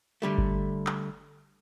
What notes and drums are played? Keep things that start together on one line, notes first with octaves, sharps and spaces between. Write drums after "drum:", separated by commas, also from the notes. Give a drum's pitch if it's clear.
D3 G3 A3
drum: kick G1
drum: clap